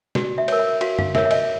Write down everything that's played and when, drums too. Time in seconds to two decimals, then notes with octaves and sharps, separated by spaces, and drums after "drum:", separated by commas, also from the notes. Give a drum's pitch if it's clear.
0.15 F#4 D5, drum: snare
0.38 E5
0.48 A#4 C#5, drum: cymbal
0.59 E5
0.81 F#4 F5, drum: cymbal
0.99 F5, drum: tom
1.15 A#4 C#5 E5, drum: snare
1.25 E5
1.31 D#5, drum: cymbal